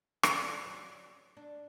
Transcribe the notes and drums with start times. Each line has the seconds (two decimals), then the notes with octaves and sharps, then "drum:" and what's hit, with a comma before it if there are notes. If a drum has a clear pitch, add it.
0.23 D3, drum: rim click
0.66 F#3
1.37 D4